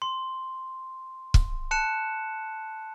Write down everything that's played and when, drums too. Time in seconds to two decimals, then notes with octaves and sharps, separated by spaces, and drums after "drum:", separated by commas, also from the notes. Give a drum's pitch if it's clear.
0.02 C6
1.34 drum: kick
1.71 A5 F#6 C#7 E7